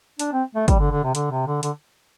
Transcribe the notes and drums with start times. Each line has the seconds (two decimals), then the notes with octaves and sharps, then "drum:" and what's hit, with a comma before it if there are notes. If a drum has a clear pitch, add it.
0.19 D4, drum: hi-hat
0.32 C4
0.55 A3
0.68 G3, drum: kick, hi-hat
0.80 D3
0.91 D3
1.03 C3
1.15 D3, drum: hi-hat
1.31 C3
1.46 D3
1.63 D3, drum: hi-hat